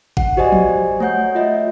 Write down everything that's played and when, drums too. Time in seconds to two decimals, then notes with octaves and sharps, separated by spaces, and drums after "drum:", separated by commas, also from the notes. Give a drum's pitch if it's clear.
0.17 F#5, drum: kick G#1
0.37 F#4 G4 C5 D5 D#5 G#5
0.52 drum: tom F3
1.00 A3 C#5 F#5 G6
1.35 F4 D#5 E5